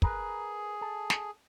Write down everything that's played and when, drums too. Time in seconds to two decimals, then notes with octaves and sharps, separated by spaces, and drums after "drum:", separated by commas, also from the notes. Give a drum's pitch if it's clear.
0.02 G#4 A#4 B4, drum: kick
0.81 A4
1.10 drum: snare